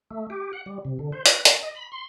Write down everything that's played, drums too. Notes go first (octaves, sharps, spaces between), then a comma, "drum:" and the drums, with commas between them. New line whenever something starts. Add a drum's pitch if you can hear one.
A3
G4
F#5
G3
C3
D3
C5
B4, drum: hi-hat
A5, drum: hi-hat
D#5
B5
C6